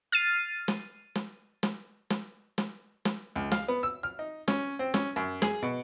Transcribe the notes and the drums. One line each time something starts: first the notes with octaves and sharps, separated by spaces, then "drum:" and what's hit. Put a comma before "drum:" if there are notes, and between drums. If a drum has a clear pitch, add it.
F6 A6 C7 D#7
drum: snare
drum: snare
drum: snare
drum: snare
drum: snare
drum: snare
C#2
F5, drum: snare
B3
E6
F6
D#4
C#4, drum: snare
C4
C#4, drum: snare
F#2
G#4, drum: snare
B2